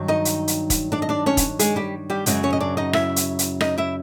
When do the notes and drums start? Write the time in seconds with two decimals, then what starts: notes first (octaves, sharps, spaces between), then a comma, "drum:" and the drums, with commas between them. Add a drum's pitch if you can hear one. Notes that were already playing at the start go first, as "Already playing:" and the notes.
Already playing: G2 D#3 F#3
0.08 D#4 D#5
0.25 drum: hi-hat
0.48 drum: hi-hat
0.70 drum: kick E1, hi-hat
0.92 D4 D5
1.02 D#5
1.09 D4 D5
1.26 C#4 C#5
1.37 drum: kick E1, hi-hat
1.59 G#3 G#4, drum: hi-hat
1.76 G3 G4
2.10 G3 G4
2.26 F#2 C#3 F#3 G#3 G#4, drum: hi-hat
2.43 C#4 C#5
2.53 D#5
2.60 D4 D5
2.77 D#4 D#5
2.93 E4 E5, drum: rim click
3.16 drum: hi-hat
3.39 drum: hi-hat
3.61 D#4 D#5, drum: rim click
3.78 E4 E5